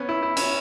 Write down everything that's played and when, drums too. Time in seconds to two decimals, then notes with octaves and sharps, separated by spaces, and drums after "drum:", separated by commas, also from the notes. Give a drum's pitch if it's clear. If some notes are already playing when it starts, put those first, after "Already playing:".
Already playing: B3 C#4
0.09 E4
0.23 E4
0.37 C#4, drum: cymbal